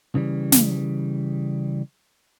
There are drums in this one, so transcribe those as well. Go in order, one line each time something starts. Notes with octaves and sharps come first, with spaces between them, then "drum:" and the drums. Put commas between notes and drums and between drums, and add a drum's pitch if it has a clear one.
C#3 E3 G3
drum: snare